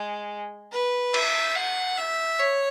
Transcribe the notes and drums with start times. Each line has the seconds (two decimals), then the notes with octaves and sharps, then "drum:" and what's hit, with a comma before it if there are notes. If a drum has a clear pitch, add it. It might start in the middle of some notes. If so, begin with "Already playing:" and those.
Already playing: G#3
0.72 B4
1.14 E5, drum: cymbal
1.56 F#5
1.98 E5
2.40 C#5